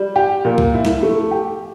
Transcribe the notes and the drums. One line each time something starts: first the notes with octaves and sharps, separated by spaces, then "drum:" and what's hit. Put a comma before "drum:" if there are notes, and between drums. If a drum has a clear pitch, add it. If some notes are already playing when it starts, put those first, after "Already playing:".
Already playing: G3
G4
A#2
drum: kick
E4
drum: snare
A3
G4